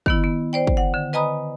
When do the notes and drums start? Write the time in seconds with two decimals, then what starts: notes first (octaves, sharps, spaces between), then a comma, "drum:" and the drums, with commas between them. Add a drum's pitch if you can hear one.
0.06 D#3 B3 E4, drum: kick
0.24 B3
0.53 C5 D5 G5
0.67 drum: kick
0.77 F#5
0.94 D3
1.13 B4 D#5 G#5 A#5 B5 D#6